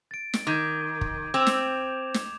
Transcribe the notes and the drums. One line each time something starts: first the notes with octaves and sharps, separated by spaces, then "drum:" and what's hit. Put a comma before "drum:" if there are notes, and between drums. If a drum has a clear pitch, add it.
A6 D7
drum: snare
D#3 D6 G6 G#6
drum: kick
C4 D6 E7 F7
drum: snare
drum: snare